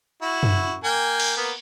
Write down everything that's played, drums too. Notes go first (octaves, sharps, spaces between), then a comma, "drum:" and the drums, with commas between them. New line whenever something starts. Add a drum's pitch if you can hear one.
E4 F#4
drum: tom F#2
A#3 G5 G#5
drum: cymbal
A#3 B3